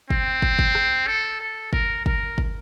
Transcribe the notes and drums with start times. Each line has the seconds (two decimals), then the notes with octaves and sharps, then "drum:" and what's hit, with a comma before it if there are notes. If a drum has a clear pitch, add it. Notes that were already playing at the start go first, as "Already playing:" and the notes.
0.10 C4, drum: kick
0.42 drum: kick
0.59 drum: kick
0.75 drum: rim click
1.07 A4
1.40 A4
1.73 A#4, drum: kick
2.06 A#4, drum: kick
2.38 drum: kick